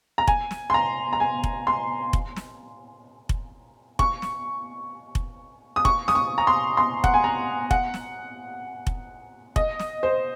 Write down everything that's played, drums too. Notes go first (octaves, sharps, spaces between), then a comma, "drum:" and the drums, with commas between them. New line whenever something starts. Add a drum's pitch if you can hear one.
A#5
G#5, drum: kick F1
drum: snare
C6
A#5
A#5
G#5
drum: kick F1
C6
drum: kick F1
drum: snare
drum: kick F1
C#6, drum: kick F1
drum: snare
drum: kick F1
D#6
C#6, drum: kick F1
D#6, drum: snare
C#6
A#5
C6
C6
F#5, drum: kick F1
G#5
A#5
F#5, drum: kick F1
drum: snare
drum: kick F1
D#5, drum: kick F1
drum: snare
C5